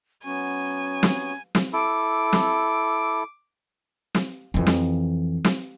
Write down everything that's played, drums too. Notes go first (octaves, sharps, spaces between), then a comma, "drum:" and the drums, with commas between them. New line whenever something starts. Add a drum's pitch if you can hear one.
F#3 B3 C#4 F#4 G#5
drum: snare
drum: snare
E4 A4 D6
drum: snare
drum: snare
F2 E3
drum: snare
drum: snare